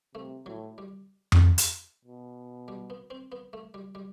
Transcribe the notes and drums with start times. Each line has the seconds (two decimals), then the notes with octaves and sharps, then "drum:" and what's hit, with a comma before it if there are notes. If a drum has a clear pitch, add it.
0.15 C3 A3
0.46 A2 F#3
0.78 G3
1.32 drum: tom F2
1.58 drum: hi-hat
2.05 B2
2.68 G3
2.90 B3
3.10 C4
3.32 B3
3.53 A3
3.74 G3
3.95 G3